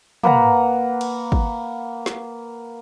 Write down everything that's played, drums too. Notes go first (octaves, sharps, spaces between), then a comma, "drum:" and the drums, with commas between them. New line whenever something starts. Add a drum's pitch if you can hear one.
A#3 B4 F#5 A#5, drum: tom
drum: cymbal
drum: kick
drum: snare